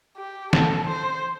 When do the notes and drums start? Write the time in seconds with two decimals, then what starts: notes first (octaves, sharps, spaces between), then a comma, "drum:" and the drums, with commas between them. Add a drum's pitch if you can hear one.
0.17 G4
0.53 A4, drum: snare
0.88 C5